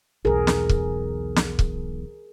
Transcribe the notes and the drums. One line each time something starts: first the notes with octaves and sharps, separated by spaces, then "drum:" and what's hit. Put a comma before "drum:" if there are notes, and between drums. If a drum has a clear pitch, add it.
B1 E2 G#4 A#4
drum: snare
drum: kick
drum: snare
drum: kick